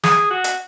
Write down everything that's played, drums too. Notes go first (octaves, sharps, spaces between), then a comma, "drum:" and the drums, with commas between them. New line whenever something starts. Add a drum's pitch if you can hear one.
G#4, drum: snare
F#4
drum: hi-hat